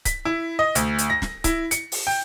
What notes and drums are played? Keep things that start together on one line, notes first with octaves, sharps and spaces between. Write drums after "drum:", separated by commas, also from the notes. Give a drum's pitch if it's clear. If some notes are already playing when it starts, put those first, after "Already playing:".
B6, drum: kick C#1, hi-hat
E4
D#5
D2, drum: hi-hat
drum: hi-hat
A#6
drum: snare
E4, drum: kick C#1, hi-hat
C#7, drum: hi-hat
drum: open hi-hat
G5